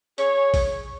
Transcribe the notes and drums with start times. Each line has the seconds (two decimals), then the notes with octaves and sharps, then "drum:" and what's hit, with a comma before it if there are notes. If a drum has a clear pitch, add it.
0.18 G#4 C#5, drum: hi-hat
0.54 drum: kick A#1, open hi-hat